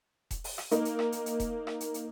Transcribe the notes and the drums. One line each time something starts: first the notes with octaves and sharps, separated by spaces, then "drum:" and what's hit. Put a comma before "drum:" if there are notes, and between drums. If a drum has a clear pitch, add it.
drum: kick E1, hi-hat
drum: open hi-hat
drum: rim click
A#3 D#4, drum: hi-hat
drum: hi-hat
drum: rim click
drum: hi-hat
drum: hi-hat
drum: kick E1, hi-hat
drum: rim click
drum: hi-hat
drum: hi-hat